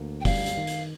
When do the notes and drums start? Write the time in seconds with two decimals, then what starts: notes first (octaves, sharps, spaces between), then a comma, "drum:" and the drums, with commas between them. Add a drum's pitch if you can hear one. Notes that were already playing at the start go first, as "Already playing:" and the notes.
Already playing: D2 A#3
0.21 G5
0.25 G3 F5, drum: kick F1, open hi-hat
0.46 drum: hi-hat
0.57 D#3
0.67 drum: hi-hat